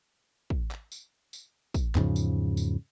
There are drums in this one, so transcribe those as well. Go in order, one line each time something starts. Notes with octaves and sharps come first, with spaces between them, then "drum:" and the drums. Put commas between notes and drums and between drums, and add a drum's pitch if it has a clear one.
drum: kick
drum: clap
drum: tambourine
drum: tambourine
drum: kick, tambourine
E2 G#2 C#3 F3, drum: clap
drum: tambourine
drum: tambourine